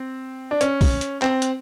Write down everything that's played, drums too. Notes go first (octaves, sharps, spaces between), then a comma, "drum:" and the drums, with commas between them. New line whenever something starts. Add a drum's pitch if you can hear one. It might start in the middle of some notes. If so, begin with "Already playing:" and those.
Already playing: C4
D4
C#4, drum: hi-hat
drum: kick B1, open hi-hat
drum: hi-hat
C4, drum: clap
drum: hi-hat